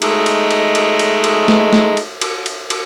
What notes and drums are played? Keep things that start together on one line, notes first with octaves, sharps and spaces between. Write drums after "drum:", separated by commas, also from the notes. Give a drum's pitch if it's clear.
G#3 A3 D#4, drum: cymbal
drum: cymbal
drum: cymbal
drum: cymbal
drum: cymbal
drum: cymbal
drum: snare A3
drum: snare A3
drum: cymbal
drum: cymbal
drum: cymbal
drum: cymbal